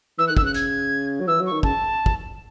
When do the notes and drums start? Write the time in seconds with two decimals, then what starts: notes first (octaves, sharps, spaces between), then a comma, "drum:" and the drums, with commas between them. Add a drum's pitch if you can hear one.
0.18 E3 E6
0.27 F#6
0.31 D#3
0.37 E6, drum: kick
0.42 C#3 F#6
0.54 G#6, drum: hi-hat
1.20 F#3
1.27 E3 E6
1.40 F#3
1.46 C#6
1.52 D#3
1.63 C#3 A5, drum: kick
2.06 drum: kick